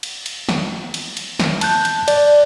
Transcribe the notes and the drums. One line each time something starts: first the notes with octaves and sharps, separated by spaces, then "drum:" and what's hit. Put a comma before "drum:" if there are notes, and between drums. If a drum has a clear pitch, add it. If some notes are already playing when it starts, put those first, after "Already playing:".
drum: cymbal
drum: cymbal
drum: snare
drum: cymbal
drum: cymbal
drum: snare
A5 F#6 G6, drum: cymbal
drum: cymbal
D5, drum: cymbal